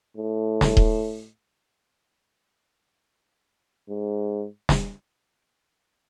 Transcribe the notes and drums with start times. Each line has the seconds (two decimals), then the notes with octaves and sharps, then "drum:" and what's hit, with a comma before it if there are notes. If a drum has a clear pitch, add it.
0.17 A2
0.61 drum: snare
0.77 drum: kick D#1
3.90 G#2
4.69 drum: snare